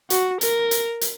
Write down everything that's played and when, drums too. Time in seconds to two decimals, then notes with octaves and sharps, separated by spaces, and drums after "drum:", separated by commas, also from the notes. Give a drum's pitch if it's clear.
0.10 F#4, drum: hi-hat
0.41 A#4, drum: hi-hat
0.71 drum: hi-hat
1.01 drum: hi-hat